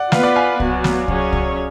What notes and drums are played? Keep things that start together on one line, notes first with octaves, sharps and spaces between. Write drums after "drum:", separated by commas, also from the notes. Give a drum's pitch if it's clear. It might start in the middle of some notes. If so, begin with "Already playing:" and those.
Already playing: D5 F#5
B3 F4 B4 F5, drum: snare
D5 F#5
F5 G#5
F#3 B3 F#4, drum: kick C2
drum: snare
F#3 C#4 G#4 C#5, drum: kick C2
drum: kick C2